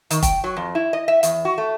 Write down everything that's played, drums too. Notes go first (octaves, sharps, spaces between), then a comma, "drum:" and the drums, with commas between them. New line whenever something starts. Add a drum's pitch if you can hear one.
D#3, drum: hi-hat
G5, drum: kick, hi-hat
F#3
F2
E4
D#5
E5
E2, drum: hi-hat
F#4
A3